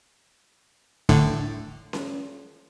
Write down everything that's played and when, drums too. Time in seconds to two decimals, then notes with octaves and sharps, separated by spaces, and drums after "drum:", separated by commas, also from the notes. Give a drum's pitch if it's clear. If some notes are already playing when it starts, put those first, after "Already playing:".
1.09 A2 D3, drum: kick
1.93 drum: snare C#4